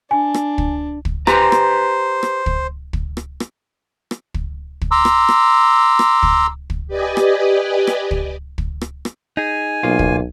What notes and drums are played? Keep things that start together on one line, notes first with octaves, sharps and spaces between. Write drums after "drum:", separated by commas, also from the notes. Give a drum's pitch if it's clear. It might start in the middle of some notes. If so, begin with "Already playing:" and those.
D4 G#5
drum: rim click
drum: kick
drum: kick
G4 B4 C5 A#5, drum: rim click
drum: rim click
drum: rim click
drum: kick
drum: kick
drum: rim click
drum: rim click
drum: rim click
drum: kick
drum: kick
A#5 C6 D6 E6
drum: rim click
drum: rim click
drum: rim click
drum: kick
drum: kick
G4 B4 D5 D#5 G#5
drum: rim click
drum: rim click
drum: kick
drum: kick
drum: rim click
drum: rim click
D#4 G#4 G#5
B1 B2 A#3 F4
drum: kick